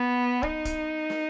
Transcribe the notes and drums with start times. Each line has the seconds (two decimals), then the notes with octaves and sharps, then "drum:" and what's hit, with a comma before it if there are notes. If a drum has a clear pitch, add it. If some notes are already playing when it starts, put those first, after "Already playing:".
Already playing: B3
0.43 D#4, drum: kick
0.65 drum: kick, hi-hat
1.10 drum: snare